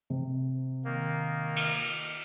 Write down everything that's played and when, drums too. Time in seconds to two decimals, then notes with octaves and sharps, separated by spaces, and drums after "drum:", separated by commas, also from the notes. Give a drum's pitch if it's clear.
0.10 C3
0.85 D#3 A#3
1.56 drum: cymbal